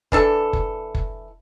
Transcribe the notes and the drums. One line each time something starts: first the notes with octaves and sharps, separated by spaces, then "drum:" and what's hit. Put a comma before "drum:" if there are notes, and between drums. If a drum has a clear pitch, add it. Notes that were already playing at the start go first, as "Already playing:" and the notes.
E3 D4 A4, drum: kick F#1
drum: kick F#1
drum: kick F#1